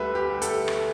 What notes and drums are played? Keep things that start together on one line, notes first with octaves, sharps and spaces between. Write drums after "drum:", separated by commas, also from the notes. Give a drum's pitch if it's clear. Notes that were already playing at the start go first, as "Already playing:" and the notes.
Already playing: D2 D3 G3 B4 E5
G4
A4, drum: hi-hat
drum: rim click